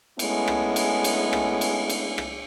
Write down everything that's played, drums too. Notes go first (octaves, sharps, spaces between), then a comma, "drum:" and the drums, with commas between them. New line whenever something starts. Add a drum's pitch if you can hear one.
G#3 A3 B3 C#4 E4, drum: cymbal
drum: rim click
drum: cymbal
drum: cymbal
drum: rim click
drum: cymbal
drum: cymbal
drum: rim click